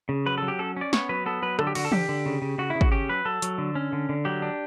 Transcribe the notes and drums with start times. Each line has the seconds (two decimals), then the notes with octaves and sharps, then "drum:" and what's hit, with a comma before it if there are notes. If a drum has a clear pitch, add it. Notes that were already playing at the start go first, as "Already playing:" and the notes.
0.09 C#3
0.26 F#3 B4
0.38 F#3 A4
0.48 G4
0.59 C#4 A4
0.77 C#4 D5
0.93 B3 C#5, drum: snare
1.09 F#3 B4
1.26 B3 A4
1.42 F#3 B4
1.59 D3 A4, drum: rim click
1.67 G4
1.75 D3 F#4, drum: cymbal
1.85 A4
1.92 D3 G4, drum: tom E3
2.09 D3
2.26 C#3
2.42 C#3
2.58 C#3 F#4
2.70 E4
2.75 C#3
2.81 F#4, drum: kick
2.92 C#4 G4
3.09 F#3 B4
3.25 F#3 A4
3.42 F#3, drum: hi-hat
3.58 D3
3.75 C#4
3.93 D3
4.09 D3
4.25 F#3 G4
4.42 D4